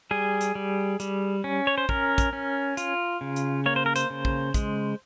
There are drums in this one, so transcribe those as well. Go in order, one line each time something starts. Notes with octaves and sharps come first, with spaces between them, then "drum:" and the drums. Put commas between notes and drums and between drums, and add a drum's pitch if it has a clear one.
G3 G#4
drum: hi-hat
G3
G3, drum: hi-hat
C#4
C#5
C5
C#4 A#4, drum: kick
drum: kick, hi-hat
C#4
F4, drum: hi-hat
C#3
drum: hi-hat
A#3 C#5
C5
A#4
C5, drum: hi-hat
C#3
drum: kick
G#3, drum: kick, hi-hat